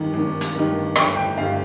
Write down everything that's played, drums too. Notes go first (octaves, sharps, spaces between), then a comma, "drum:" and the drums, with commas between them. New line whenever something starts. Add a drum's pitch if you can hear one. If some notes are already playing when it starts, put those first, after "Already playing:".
Already playing: G#1 G2 D#3
G#1
drum: hi-hat
G2 D#3
G1 G5, drum: rim click
G5
G2 D3 F5